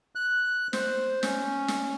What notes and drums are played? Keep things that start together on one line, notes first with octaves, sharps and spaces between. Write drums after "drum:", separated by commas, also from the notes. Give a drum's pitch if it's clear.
F#6
C5, drum: snare
C#4, drum: snare
drum: snare